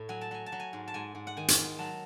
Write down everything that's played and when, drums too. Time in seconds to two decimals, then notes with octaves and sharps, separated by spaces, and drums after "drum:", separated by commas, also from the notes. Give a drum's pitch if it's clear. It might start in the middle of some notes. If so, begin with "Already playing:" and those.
Already playing: A2 C#5
0.09 F#3 G#5
0.21 A5
0.31 F#3 G#5
0.46 A5
0.52 F#3
0.59 G#5
0.73 G#2
0.88 A5
0.94 G#2 G#5
1.15 G#2
1.27 F#5
1.37 D#3 G#5
1.48 drum: hi-hat
1.58 G#2
1.79 F#3 A5